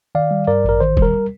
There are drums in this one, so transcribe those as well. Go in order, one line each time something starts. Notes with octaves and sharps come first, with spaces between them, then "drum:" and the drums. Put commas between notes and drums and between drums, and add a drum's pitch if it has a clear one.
D#3 D5 F5
G3
G2 A#4 D5
A1 A#4
D#3 C5
G3, drum: kick
A#4